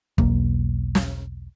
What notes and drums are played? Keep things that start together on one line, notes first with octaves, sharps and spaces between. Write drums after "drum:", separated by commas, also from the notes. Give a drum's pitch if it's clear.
E1 B1 A#3, drum: kick
drum: snare